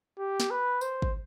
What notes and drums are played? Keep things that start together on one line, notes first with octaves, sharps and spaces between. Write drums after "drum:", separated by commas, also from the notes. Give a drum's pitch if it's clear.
G4
drum: snare
B4
C5, drum: tambourine
drum: kick